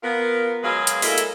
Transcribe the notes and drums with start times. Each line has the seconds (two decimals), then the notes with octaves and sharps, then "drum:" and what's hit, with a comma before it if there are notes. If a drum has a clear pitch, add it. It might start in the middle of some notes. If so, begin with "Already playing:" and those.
0.03 B3 F4 A#4
0.63 F#3 G#3 G#4 B4 F5
0.87 drum: hi-hat
1.02 G#3 A#3 E4 F4 A4 A#4, drum: open hi-hat
1.18 drum: hi-hat